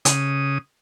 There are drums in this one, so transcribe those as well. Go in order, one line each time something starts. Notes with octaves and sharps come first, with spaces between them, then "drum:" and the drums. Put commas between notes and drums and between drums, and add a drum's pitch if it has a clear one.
C#3 D#6, drum: hi-hat